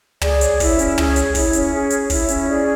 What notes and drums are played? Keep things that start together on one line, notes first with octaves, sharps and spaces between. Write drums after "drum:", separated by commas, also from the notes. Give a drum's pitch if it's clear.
G#4 D5, drum: tom
C#5, drum: hi-hat
E4, drum: kick, open hi-hat
C#4, drum: hi-hat
G#4, drum: tom
C#5, drum: hi-hat
E4, drum: kick, open hi-hat
C#4, drum: hi-hat
G#4
C#5, drum: hi-hat
E4, drum: kick, open hi-hat
C#4, drum: hi-hat
G#4 D5